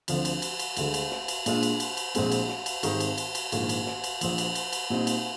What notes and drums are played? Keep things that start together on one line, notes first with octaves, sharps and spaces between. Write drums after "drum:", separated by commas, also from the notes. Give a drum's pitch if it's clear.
D2 D3 F3 C4, drum: cymbal
drum: cymbal
drum: cymbal
drum: cymbal
D2 D3 G#3, drum: cymbal
drum: cymbal
drum: snare
drum: cymbal
A#2 G#3 D4 F4, drum: cymbal
drum: cymbal
drum: cymbal
drum: cymbal
A#1 A#2 G#3 C4, drum: cymbal
drum: cymbal
drum: snare
drum: cymbal
G#1 G#2 D#3 G3 C4, drum: cymbal
drum: cymbal
drum: cymbal
drum: cymbal
A#1 G#2 D#3 A#3 F4, drum: cymbal
drum: cymbal
drum: snare
drum: cymbal
A#1 A#2 F3, drum: cymbal
drum: cymbal
drum: cymbal
drum: cymbal
A#2 G3 C4 D#4
drum: cymbal